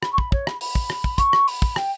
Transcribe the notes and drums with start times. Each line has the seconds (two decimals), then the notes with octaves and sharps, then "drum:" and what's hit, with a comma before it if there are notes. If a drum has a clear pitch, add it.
0.03 B5, drum: rim click
0.12 C#6
0.18 B5, drum: kick
0.32 C#5, drum: kick
0.47 B5, drum: rim click
0.61 B5, drum: open hi-hat
0.75 drum: kick
0.90 drum: rim click
1.04 drum: kick
1.18 C#6, drum: kick, hi-hat
1.33 drum: rim click
1.48 B5, drum: open hi-hat
1.62 drum: kick
1.76 G5, drum: rim click